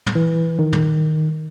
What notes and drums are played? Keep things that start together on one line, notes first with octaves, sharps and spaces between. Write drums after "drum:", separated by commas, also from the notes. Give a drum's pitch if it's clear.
drum: tom
E3
D#3
drum: tom